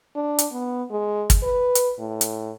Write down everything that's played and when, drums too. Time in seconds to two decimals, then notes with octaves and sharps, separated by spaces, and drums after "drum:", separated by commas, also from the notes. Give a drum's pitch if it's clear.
0.16 D4
0.39 drum: hi-hat
0.52 B3
0.91 G#3
1.30 drum: kick, hi-hat
1.43 B4
1.75 drum: hi-hat
1.99 A2
2.21 drum: hi-hat